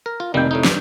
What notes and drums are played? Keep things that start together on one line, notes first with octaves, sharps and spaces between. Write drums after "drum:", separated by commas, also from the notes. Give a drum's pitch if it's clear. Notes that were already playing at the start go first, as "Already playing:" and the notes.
A#4
F4
F1 D#3 G3 A#3 G6
A2 A3 D#4
G2, drum: snare